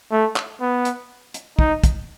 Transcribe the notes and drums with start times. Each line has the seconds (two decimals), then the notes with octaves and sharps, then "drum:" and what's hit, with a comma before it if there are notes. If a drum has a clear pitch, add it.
0.12 A3
0.36 drum: clap
0.61 B3
0.85 drum: hi-hat
1.34 drum: hi-hat
1.59 D#4, drum: kick
1.84 drum: kick, hi-hat